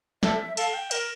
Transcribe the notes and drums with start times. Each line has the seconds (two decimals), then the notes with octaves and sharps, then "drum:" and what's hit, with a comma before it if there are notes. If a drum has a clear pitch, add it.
0.23 A4 E5, drum: snare
0.57 A4 F5, drum: cymbal
0.74 G5
0.91 A#4, drum: cymbal